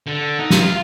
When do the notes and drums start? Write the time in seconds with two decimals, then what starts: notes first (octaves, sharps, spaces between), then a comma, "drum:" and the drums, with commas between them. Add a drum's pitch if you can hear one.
0.06 D3
0.39 D#4
0.50 drum: snare
0.60 F4